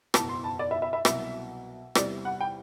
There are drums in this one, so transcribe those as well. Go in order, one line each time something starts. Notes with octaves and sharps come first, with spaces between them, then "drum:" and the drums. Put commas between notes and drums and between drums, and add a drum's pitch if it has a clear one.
F#1 E2 B2 A5, drum: rim click
C6
A5
D5
E5
E5
E5
C2 B2 F#3 E5, drum: rim click
E2 C3 G3 C4 E4 D5, drum: rim click
F#5
G5